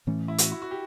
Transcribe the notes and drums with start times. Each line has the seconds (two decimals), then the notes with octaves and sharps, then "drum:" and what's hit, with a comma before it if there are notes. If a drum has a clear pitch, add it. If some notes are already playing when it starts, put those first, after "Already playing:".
0.07 A2 E3 A3 C#4
0.28 E4
0.38 F#4, drum: hi-hat
0.52 E4
0.62 F#4
0.71 G4